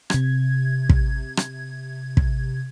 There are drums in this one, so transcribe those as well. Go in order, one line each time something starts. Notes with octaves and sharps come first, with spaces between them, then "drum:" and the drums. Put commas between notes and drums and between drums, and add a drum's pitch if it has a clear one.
C3 G#6, drum: rim click
drum: kick
drum: rim click
drum: kick